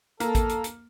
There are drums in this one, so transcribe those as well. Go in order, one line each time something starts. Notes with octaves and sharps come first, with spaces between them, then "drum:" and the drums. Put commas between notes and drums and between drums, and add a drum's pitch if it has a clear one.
A#3 A4, drum: hi-hat
drum: kick A1, hi-hat
drum: hi-hat
drum: hi-hat